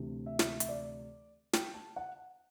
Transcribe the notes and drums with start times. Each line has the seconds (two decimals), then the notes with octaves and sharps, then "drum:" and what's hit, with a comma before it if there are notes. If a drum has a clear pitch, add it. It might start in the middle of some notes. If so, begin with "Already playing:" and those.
Already playing: D2 C3 E3
0.26 E5
0.39 drum: snare
0.60 E5, drum: hi-hat
0.68 D5
1.53 G5, drum: snare
1.74 A5
1.96 F#5